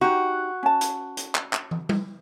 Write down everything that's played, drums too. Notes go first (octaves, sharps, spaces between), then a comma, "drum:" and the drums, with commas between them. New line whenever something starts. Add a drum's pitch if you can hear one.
D#4 F#4 G4
C#4 A5
drum: hi-hat
drum: hi-hat
drum: clap
drum: clap
drum: tom
drum: tom G3